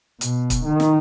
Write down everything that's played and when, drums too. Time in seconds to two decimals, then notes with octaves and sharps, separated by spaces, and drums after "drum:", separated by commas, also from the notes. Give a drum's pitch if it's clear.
0.21 B2, drum: hi-hat
0.50 drum: kick, hi-hat
0.65 D#3
0.80 drum: snare